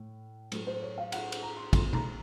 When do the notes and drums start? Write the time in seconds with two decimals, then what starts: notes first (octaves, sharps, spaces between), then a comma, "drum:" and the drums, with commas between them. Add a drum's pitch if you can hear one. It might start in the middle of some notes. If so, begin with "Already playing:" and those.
Already playing: A2
0.52 A2 F#3 A3, drum: cymbal
0.67 C5
0.82 C#5
0.98 F5
1.12 F#5, drum: cymbal
1.32 drum: cymbal
1.43 A#5
1.57 C6
1.73 A#2 A3 C4 C6, drum: kick, cymbal
1.93 A#5, drum: tom B2